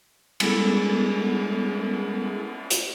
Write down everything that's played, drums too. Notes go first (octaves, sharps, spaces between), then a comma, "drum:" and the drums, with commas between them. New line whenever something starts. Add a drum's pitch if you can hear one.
G3 G#3 B3 E4 G#4 A4, drum: cymbal
drum: hi-hat